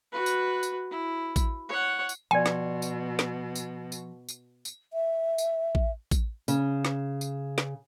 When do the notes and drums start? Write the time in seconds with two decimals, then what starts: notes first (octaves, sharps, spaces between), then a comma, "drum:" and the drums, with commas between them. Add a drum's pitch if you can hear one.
0.12 F#4 B4
0.26 drum: tambourine
0.63 drum: tambourine
0.91 E4
1.36 drum: kick A1, tambourine
1.69 C#5 F#5
2.09 drum: tambourine
2.31 B2 F3 D5 G5 G#5 C6
2.46 drum: snare
2.82 drum: tambourine
3.19 drum: snare
3.55 drum: tambourine
3.92 drum: tambourine
4.29 drum: tambourine
4.65 drum: tambourine
4.93 E5
5.38 drum: tambourine
5.75 drum: kick A1
6.11 drum: kick A1, tambourine
6.48 C#3, drum: tambourine
6.85 drum: snare
7.21 drum: tambourine
7.58 drum: snare